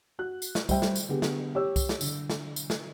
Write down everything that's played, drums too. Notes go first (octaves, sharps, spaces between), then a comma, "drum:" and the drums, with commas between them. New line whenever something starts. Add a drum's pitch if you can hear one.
F#4 F#6
drum: tambourine
drum: snare
G3 C5 E5 G5, drum: kick C2, tambourine
drum: snare
drum: tambourine
D3 B3 G4 G#4
drum: snare
G4 C#5 E6
drum: kick C2, tambourine
drum: snare
D3, drum: tambourine
drum: snare
drum: tambourine
drum: snare